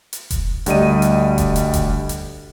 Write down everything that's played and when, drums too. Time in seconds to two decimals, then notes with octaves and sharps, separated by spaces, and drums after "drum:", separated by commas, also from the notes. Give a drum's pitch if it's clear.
0.13 drum: hi-hat
0.30 drum: kick E1, hi-hat
0.66 D2 G3 D#5 D#7, drum: hi-hat
1.02 drum: hi-hat
1.38 drum: kick E1, hi-hat
1.56 drum: hi-hat
1.73 drum: kick E1, hi-hat
2.09 drum: hi-hat